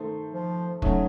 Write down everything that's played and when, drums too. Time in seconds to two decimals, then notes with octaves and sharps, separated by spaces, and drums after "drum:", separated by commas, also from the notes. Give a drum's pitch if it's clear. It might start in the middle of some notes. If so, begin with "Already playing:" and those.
Already playing: D#3 A3 D#4 A4 C5
0.33 F3
0.82 C#3 F#3 A3 D#4, drum: kick